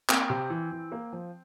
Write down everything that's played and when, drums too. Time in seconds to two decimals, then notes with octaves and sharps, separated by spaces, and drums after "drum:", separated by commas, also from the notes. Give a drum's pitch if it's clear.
0.09 A#3 C4, drum: clap
0.30 C3
0.50 E3
0.72 E3
0.92 A#3
1.13 F3